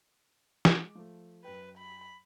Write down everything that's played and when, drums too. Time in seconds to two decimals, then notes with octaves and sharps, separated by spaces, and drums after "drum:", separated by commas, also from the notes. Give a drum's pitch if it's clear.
0.65 G#3 D6, drum: snare
0.95 F3 A3
1.44 F#2 B4 G5
1.78 B5